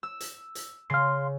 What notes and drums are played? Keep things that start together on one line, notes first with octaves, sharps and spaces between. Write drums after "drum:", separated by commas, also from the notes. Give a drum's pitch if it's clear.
E6
drum: hi-hat
drum: hi-hat
C#3 F5 C6